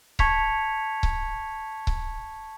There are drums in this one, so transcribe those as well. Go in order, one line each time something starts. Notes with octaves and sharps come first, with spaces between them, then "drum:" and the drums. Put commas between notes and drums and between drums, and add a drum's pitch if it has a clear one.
A5 C#6 G#6 B6 C#7 F7, drum: kick C#1
drum: kick C#1
drum: kick C#1